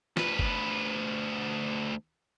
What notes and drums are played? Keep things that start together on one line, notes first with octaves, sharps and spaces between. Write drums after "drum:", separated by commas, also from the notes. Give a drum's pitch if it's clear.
D2 B4, drum: snare
drum: kick